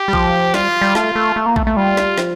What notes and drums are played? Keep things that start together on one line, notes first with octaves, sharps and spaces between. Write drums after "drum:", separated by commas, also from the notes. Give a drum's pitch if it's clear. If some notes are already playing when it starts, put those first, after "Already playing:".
Already playing: G4
G3
F3, drum: kick A#1
G3 F4, drum: snare
G3
A3 F4, drum: snare
A3
A3
A#3
A3, drum: kick A#1
A3
G3 F4
drum: snare
F3, drum: snare